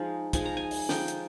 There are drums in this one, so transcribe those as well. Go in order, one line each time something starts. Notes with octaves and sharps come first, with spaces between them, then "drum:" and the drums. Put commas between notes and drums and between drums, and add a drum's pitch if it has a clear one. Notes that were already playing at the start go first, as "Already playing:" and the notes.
Already playing: F3 G#3 D#4
F3 G#3 D#4 G#5, drum: kick, hi-hat
A#5
G#5
drum: open hi-hat
F3 G#3 D#4 G5, drum: snare
drum: hi-hat